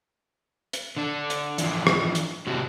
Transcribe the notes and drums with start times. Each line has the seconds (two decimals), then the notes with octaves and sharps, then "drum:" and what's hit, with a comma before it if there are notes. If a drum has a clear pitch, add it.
0.73 drum: hi-hat
0.97 D3 D4
1.30 drum: hi-hat
1.58 E3 F3 D4, drum: hi-hat
1.87 drum: rim click
2.15 drum: hi-hat
2.47 A2 C3 C4 F#4 G4